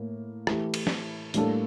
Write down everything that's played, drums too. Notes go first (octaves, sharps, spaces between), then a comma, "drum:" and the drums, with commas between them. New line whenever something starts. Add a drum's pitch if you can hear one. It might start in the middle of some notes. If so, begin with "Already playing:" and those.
Already playing: A2 A#3
E3 A3 E4 G4, drum: rim click
drum: cymbal
drum: snare
A2 G3 A#3 D4 A4, drum: hi-hat